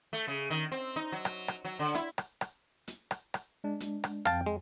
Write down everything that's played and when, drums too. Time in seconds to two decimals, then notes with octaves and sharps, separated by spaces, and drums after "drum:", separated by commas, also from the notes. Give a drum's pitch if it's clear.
0.13 A3
0.28 C#3
0.50 D#3
0.72 C4
0.96 D#4
1.12 F#3
1.25 drum: rim click
1.48 drum: rim click
1.65 F#3
1.79 D3
1.95 E4, drum: hi-hat
2.18 drum: rim click
2.41 drum: rim click
2.88 drum: hi-hat
3.11 drum: rim click
3.34 drum: rim click
3.64 G#3 D4
3.80 drum: hi-hat
4.04 drum: rim click
4.25 F2 F5 G5 A5, drum: rim click
4.46 G#3